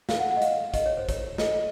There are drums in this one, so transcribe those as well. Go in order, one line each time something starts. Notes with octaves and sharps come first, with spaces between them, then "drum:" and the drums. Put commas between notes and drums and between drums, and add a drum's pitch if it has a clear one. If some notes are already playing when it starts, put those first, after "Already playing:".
F5, drum: snare
F#5
F#5
D#5
F5, drum: hi-hat
D#5, drum: kick, hi-hat
C#5
C5
C#5, drum: kick, hi-hat
D#5, drum: snare